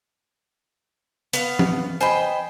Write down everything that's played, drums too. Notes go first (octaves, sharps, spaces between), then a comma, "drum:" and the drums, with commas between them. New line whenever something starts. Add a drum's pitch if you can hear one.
B3 F5, drum: hi-hat
drum: tom E3
C5 D#5 G5 G#5 B5